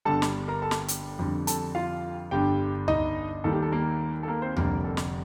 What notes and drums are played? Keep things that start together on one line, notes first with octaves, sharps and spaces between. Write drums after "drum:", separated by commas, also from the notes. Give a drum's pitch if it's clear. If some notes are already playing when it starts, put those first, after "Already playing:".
G1 G2 D3 G3 A4 A5
drum: snare
A#4 A#5
A4 A5
drum: snare
drum: hi-hat
F2 D3 G3
A4 A5, drum: hi-hat
F4 F5
G1 G2 D3 G4 G5
D#4 D#5, drum: tom C#2
D#2 D#3 G3 A4
G4
A4
A#3 A#4
A4
A#3 A#4
C4 C5
F1 F2 D3 G3 A#3 A#4, drum: tom C#2
A4
drum: snare